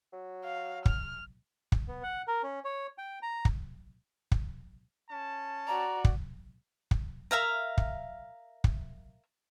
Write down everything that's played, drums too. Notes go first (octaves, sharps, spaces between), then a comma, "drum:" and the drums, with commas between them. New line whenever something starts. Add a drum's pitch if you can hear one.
F#3
F5
F6, drum: kick
drum: kick
B3
F#5
A#4
C#4
C#5
G5
A#5
drum: kick
drum: kick
C#4 A5
F#4 D5 A#5
drum: kick
drum: kick
A#4 E5 F5 A#5
drum: kick
drum: kick